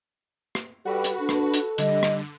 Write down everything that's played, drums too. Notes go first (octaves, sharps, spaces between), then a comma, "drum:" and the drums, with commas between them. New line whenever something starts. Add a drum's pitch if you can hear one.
drum: rim click
G3 F#4 A4 B4
drum: hi-hat
D4 A4
drum: rim click
drum: hi-hat
D3 G3 D#5, drum: hi-hat
drum: rim click